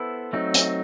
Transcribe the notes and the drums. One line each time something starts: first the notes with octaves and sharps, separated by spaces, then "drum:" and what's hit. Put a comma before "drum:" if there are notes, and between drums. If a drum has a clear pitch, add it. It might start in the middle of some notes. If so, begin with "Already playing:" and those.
Already playing: B3 E4 A4 C5
F#3 A3 C4 D#4
drum: hi-hat